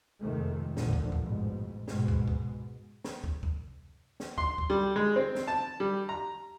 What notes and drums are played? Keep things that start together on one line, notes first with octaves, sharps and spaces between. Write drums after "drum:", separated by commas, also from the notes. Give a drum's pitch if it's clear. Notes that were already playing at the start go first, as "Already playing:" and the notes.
F2 C3 D#3 G#3 A3
A#1 E2 A2 D3 D#3 F3, drum: snare
drum: kick
drum: kick
A1 F2 G#2 B2
G#2 B2 G#3, drum: snare
drum: kick
drum: kick
drum: snare
drum: kick
drum: kick
drum: snare
C6, drum: kick
drum: kick
G3
G#3
C4
drum: snare
A5
G3
A#5